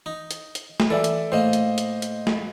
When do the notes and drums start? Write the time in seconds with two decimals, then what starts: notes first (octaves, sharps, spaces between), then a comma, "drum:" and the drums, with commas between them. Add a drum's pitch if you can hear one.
0.06 D#4
0.31 drum: hi-hat
0.55 drum: hi-hat
0.80 drum: snare
0.90 E3 A4 D5 E5
1.04 drum: hi-hat
1.32 A2 A#3 C5 D#5
1.53 drum: hi-hat
1.78 drum: hi-hat
2.02 drum: hi-hat
2.27 drum: snare